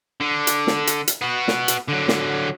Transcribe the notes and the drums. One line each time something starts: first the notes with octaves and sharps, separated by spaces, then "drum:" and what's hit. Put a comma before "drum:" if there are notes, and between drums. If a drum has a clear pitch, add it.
D3
drum: hi-hat
drum: snare
drum: hi-hat
drum: hi-hat
B3 F#4
drum: snare
drum: hi-hat
D3 F#3
drum: snare